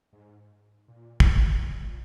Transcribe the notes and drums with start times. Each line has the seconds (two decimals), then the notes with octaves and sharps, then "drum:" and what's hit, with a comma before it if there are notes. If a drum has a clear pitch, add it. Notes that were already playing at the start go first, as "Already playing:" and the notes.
0.13 G#2
0.88 A#2
1.20 drum: kick
1.64 A#2
1.77 G#2
1.89 A#2